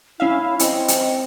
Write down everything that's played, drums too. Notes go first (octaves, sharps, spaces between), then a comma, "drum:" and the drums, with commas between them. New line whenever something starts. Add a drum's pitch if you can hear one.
C#4 E4 E5 F5
C4 D#5, drum: hi-hat
drum: hi-hat